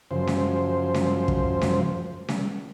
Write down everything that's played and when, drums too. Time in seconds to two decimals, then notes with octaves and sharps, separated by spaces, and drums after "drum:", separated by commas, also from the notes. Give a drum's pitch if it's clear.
0.11 F#2 C#3 F3 C5
0.27 drum: snare C#4
0.94 drum: snare C#4
1.28 drum: kick
1.61 drum: snare C#4
2.28 drum: snare C#4